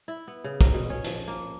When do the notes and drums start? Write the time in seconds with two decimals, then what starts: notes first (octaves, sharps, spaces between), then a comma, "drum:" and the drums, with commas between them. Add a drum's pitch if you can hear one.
0.08 E4
0.28 B3
0.44 C#3
0.61 A#4, drum: kick, hi-hat
0.74 B2
0.90 C#4
1.04 F3, drum: hi-hat
1.28 A#3